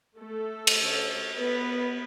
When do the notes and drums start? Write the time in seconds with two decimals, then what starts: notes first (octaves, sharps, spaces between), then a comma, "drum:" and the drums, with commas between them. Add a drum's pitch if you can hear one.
0.19 A3 A4
0.67 drum: cymbal
0.78 D3 A3 C#4
1.38 B3 B4